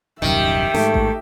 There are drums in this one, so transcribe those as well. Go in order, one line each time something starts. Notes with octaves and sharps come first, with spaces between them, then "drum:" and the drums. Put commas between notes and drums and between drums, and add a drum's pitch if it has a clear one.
D#1 C2 F#2 D#3 G4 E5
G#2 A3, drum: snare
drum: kick A1